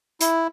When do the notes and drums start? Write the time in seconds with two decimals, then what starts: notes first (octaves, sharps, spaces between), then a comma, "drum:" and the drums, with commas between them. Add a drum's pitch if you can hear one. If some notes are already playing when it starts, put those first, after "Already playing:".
0.21 E4, drum: hi-hat